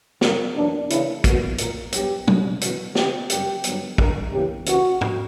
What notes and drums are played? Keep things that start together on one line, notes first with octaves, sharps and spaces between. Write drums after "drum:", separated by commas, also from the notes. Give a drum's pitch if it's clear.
F#2 C#3 E3 G3 A#3 A#4, drum: snare
E2 B2 F#3 A#3 D4
C#3 E3 A#3 E4, drum: hi-hat
B2 A#3 F#4, drum: kick, hi-hat
A#2 A#3 A#4, drum: hi-hat
G2 F#3 B3 G4, drum: hi-hat
F#2 D3 F#3, drum: tom
C#3 E3 B3 F#4, drum: hi-hat
C#3 E3 B3 G4, drum: snare
F#2 C#3 G3 A#3 G4, drum: hi-hat
G2 D3 F#3 B3, drum: hi-hat
G2 D3 A#3 A#4, drum: kick
E2 C#3 E3 A#3 G4
C#3 E3 A#3 F#4, drum: hi-hat
drum: tom G#2